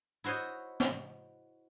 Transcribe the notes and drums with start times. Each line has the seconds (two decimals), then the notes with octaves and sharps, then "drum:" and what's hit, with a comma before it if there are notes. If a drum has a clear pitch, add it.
0.24 E4 F#4 C5 C#5 D#5
0.80 drum: snare